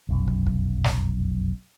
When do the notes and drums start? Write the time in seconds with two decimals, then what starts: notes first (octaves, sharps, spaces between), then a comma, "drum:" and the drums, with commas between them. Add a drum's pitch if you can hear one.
0.09 F1 B1 F#2
0.28 drum: kick
0.47 drum: kick
0.84 drum: snare